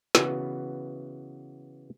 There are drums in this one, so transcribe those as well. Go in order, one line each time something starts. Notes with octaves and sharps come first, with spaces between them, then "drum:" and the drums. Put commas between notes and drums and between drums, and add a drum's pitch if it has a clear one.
C#3 E3 B3 F#4 B4, drum: snare